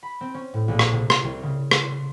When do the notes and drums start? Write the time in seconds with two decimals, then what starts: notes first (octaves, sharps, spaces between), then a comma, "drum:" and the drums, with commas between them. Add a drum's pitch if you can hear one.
0.03 B5
0.21 C4
0.34 C#4
0.54 A2
0.68 A#1
0.79 drum: rim click
0.92 C3
1.10 A6, drum: rim click
1.23 C2
1.43 C#3
1.71 C6, drum: rim click
1.92 C6